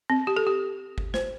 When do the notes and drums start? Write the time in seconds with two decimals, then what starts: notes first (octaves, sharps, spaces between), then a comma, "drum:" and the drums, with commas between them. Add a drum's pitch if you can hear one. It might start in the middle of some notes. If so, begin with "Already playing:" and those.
0.10 C4
0.27 G4
0.37 A4
0.47 G4
0.98 drum: kick G1
1.14 C5, drum: snare